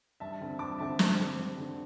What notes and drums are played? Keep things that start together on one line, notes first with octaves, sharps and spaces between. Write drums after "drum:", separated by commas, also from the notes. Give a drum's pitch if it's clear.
G2 E5 A5
D3 C4
G2 A5 D6
D3 C4 E5 A5
G2, drum: snare
D3 C4
G2
D3 C4